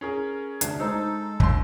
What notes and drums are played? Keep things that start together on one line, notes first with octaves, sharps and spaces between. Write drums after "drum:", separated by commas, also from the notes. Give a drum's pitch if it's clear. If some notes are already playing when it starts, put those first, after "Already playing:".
C#4 G#4 A#4
D2 C3 D4 C7, drum: hi-hat
G#3 D#4 A4 C5 A#5
G1 G#3 C6, drum: kick